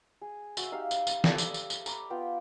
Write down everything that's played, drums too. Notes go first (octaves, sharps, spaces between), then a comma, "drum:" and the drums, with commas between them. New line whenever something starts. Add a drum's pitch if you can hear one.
G#4
F#4 E5, drum: tambourine
D#4 G4 F5 E6
drum: tambourine
drum: tambourine
G4 A4 D5, drum: snare
drum: tambourine
drum: tambourine
drum: tambourine
A#5 B5 D6, drum: tambourine
B3 F4 G5